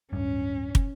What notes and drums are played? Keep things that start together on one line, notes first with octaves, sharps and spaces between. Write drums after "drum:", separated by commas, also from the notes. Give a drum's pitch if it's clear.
D1 G2 C#4
drum: kick